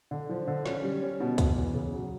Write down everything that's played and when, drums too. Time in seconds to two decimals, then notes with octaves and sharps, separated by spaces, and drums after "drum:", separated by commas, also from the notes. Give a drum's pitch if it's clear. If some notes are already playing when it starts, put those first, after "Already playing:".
0.11 D3
0.29 F3
0.47 D3
0.66 C#4, drum: snare
0.84 G3
1.02 C#4
1.20 B2
1.38 B3, drum: kick, hi-hat
1.56 E2
1.74 C#3
1.93 F#3